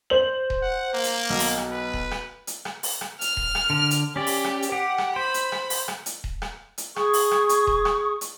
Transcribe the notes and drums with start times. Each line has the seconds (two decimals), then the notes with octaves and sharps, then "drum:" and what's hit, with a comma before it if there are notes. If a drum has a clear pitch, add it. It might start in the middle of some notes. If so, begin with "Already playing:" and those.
0.10 C5 F#7
0.50 drum: kick D#1
0.62 F#5
0.94 A#3
1.04 drum: hi-hat
1.30 B1
1.40 drum: open hi-hat
1.58 drum: rim click
1.71 B4
1.93 drum: kick D#1
2.11 drum: rim click
2.47 drum: hi-hat
2.65 drum: rim click
2.83 drum: open hi-hat
3.01 drum: rim click
3.21 F6, drum: hi-hat
3.37 drum: kick D#1
3.55 drum: rim click
3.70 D3
3.91 drum: hi-hat
4.16 C#4 G4 D5
4.27 drum: open hi-hat
4.44 drum: rim click
4.62 drum: hi-hat
4.72 G4 F#5
4.98 drum: rim click
5.16 C5 B5
5.34 drum: hi-hat
5.52 drum: rim click
5.70 drum: open hi-hat
5.88 drum: rim click
6.06 drum: hi-hat
6.24 drum: kick D#1
6.42 drum: rim click
6.78 drum: hi-hat
6.96 G#4 C#6 D#6, drum: rim click
7.13 drum: open hi-hat
7.31 drum: rim click
7.49 drum: hi-hat
7.67 drum: kick D#1
7.85 drum: rim click
8.21 drum: hi-hat